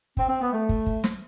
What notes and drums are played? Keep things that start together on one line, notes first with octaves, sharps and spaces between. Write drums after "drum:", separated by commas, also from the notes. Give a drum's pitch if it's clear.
C4, drum: kick
C4
B3
A3
drum: kick
drum: kick
drum: snare